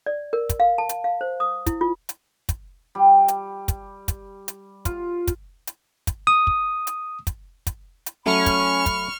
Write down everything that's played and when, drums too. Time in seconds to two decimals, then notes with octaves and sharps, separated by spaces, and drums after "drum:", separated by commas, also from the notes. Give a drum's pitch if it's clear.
0.06 D5
0.33 A#4
0.49 drum: kick, hi-hat
0.60 F5
0.78 A5
0.89 drum: hi-hat
1.04 F5
1.21 C5
1.40 D#6
1.66 E4, drum: kick, hi-hat
1.81 F4
2.09 drum: hi-hat
2.49 drum: kick, hi-hat
2.95 G3
3.28 drum: hi-hat
3.68 drum: kick, hi-hat
4.08 drum: kick, hi-hat
4.48 drum: hi-hat
4.85 F4, drum: kick, hi-hat
5.27 drum: kick, hi-hat
5.67 drum: hi-hat
6.07 drum: kick, hi-hat
6.27 D#6
6.47 drum: kick
6.87 drum: hi-hat
7.27 drum: kick, hi-hat
7.67 drum: kick, hi-hat
8.06 drum: hi-hat
8.26 F#3 A3 C#4 B5 C#6 F6
8.46 drum: kick, hi-hat
8.86 drum: kick, hi-hat